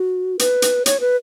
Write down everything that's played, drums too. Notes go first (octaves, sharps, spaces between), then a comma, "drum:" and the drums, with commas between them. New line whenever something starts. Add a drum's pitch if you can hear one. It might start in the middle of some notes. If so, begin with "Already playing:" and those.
Already playing: F#4
B4, drum: hi-hat
drum: hi-hat
C#5, drum: hi-hat
B4